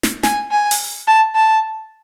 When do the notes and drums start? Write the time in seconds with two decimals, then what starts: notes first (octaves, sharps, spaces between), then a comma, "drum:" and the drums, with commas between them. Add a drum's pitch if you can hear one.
0.03 drum: snare
0.23 G#5, drum: snare
0.51 G#5
0.71 drum: open hi-hat
1.08 A5
1.35 A5